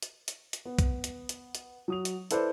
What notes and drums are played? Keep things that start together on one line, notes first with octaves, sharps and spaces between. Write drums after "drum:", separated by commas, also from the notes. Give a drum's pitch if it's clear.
drum: hi-hat
drum: hi-hat
drum: hi-hat
B3
drum: kick, hi-hat
drum: hi-hat
drum: hi-hat
drum: hi-hat
F#3 D#6 F7
drum: hi-hat
E4 A4 B4 C5 D5, drum: hi-hat